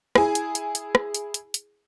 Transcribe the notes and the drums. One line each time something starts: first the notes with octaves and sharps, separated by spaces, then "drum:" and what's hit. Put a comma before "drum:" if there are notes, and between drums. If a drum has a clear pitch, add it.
E4 G#4 G#5, drum: rim click
drum: hi-hat
drum: hi-hat
drum: hi-hat
drum: rim click
drum: hi-hat
drum: hi-hat
drum: hi-hat